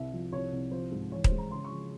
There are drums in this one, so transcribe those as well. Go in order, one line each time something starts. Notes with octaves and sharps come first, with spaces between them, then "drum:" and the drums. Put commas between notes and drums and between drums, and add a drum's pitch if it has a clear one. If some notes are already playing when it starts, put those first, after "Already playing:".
Already playing: C2 E5
F3
C2 C#5
C2
F3 C5
G#2
E3 C#5
C5, drum: kick D#1
G#3
A#5
C#3 C6
C#6
F3